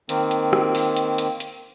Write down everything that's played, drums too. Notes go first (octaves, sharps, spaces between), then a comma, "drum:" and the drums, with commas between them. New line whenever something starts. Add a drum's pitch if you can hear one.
D#3 A#3 C4, drum: hi-hat
drum: hi-hat
drum: rim click
drum: open hi-hat
drum: hi-hat
drum: hi-hat
drum: hi-hat